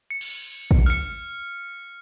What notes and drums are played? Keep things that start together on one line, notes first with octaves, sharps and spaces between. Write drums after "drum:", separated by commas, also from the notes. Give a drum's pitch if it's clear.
C#7
drum: cymbal
drum: kick
F6 C#7